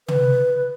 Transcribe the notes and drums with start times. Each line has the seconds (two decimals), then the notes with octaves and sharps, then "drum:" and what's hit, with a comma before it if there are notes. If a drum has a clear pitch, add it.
0.08 B4, drum: tom